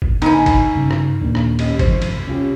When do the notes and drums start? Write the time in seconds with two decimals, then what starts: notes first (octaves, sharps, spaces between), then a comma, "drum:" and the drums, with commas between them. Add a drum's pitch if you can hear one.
0.02 drum: kick G#1
0.22 A2 D3 D#4 G#5 B5, drum: cymbal
0.46 drum: kick G#1, cymbal
0.75 G2 C#3
0.91 drum: rim click
1.21 D#2 A#2 D4
1.35 drum: rim click
1.59 C#4 G4 D#5, drum: cymbal
1.79 G#1 F2 C3 C5, drum: kick G#1, cymbal
2.02 drum: cymbal
2.27 C2 C#4 F4 G4